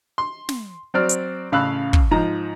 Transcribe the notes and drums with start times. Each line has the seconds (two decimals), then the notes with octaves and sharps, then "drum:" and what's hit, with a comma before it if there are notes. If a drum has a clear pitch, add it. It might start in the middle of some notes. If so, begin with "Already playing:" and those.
0.18 C6
0.49 drum: snare
0.94 F#3 C4 D5 F6
1.09 drum: hi-hat
1.52 A1 C#3 F5 B5 E6 F#6
1.93 drum: kick
2.11 G#2 F3 A#5